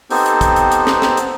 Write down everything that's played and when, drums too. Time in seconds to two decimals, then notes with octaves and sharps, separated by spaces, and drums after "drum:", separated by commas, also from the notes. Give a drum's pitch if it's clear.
0.10 B3 C4 D#4 G4 A4 C5, drum: open hi-hat
0.26 drum: hi-hat
0.41 drum: kick, hi-hat
0.56 drum: hi-hat
0.72 drum: hi-hat
0.87 drum: snare
1.02 drum: snare
1.17 drum: hi-hat